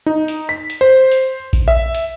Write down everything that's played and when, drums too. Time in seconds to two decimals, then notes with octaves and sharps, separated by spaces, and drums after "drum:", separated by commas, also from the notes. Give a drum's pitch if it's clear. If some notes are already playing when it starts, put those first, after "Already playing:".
0.06 D#4
0.28 drum: hi-hat
0.49 B6
0.70 drum: hi-hat
0.81 C5
1.11 drum: hi-hat
1.53 drum: kick A#1, hi-hat
1.68 E5
1.95 drum: hi-hat